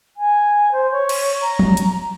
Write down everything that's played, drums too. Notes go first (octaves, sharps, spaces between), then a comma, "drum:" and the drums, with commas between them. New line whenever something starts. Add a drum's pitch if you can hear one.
G#5
C5
C#5
drum: cymbal
A#5
drum: tom
drum: hi-hat